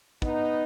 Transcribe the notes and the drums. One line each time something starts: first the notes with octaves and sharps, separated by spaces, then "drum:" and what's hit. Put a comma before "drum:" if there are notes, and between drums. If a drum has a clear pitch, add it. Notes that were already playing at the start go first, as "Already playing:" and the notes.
B3 D#4, drum: kick